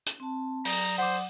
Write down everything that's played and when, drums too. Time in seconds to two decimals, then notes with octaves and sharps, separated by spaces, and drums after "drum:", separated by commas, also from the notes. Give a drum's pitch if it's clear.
0.06 drum: hi-hat
0.20 C4 A5
0.65 F#3 D5 A#5 D#6, drum: open hi-hat
0.98 C5 F#5 D6